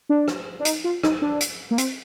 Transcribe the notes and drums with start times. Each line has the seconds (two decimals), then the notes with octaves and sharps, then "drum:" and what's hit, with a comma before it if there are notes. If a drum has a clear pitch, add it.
0.09 D4
0.28 drum: rim click
0.60 D4
0.65 D#4, drum: hi-hat
0.84 F4
1.03 D#4, drum: rim click
1.22 D4
1.40 drum: hi-hat
1.71 A#3
1.78 C4, drum: hi-hat